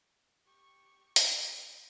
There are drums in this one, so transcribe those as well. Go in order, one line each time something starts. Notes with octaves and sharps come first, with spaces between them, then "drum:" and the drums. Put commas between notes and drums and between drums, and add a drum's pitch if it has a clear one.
G4 C#6
drum: hi-hat